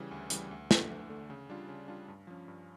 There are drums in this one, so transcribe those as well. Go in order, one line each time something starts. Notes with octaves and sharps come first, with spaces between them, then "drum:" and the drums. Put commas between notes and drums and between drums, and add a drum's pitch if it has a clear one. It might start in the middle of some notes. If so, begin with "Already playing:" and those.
Already playing: C#3 E3 G3
D2
C#3 E3 G3, drum: hi-hat
D2
D3 A3, drum: snare
D2
D3 A3
C#3
G3 D4 F4
C#3
G3 D4 F4
G2
F3 C#4
G2